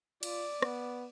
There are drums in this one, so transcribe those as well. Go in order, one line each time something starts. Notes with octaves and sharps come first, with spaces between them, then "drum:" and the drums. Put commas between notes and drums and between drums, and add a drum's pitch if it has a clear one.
F4 D5, drum: cymbal
B3, drum: rim click